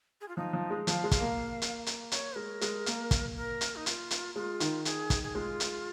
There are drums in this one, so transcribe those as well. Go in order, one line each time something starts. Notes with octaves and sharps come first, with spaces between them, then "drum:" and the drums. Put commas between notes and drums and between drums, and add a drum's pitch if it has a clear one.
G#4
F4
F3 D#4
F3
G#3
F3 F5, drum: hi-hat
G#3
F5, drum: kick, hi-hat
A#3
drum: hi-hat
drum: hi-hat
C#5, drum: hi-hat
G#3 A#4
G#3, drum: hi-hat
A#3, drum: hi-hat
drum: kick, hi-hat
A#4
drum: hi-hat
D#4
F4, drum: hi-hat
drum: hi-hat
G#3 F4
D#3, drum: hi-hat
G#4, drum: hi-hat
drum: kick, hi-hat
G#4
G#3 F4
drum: hi-hat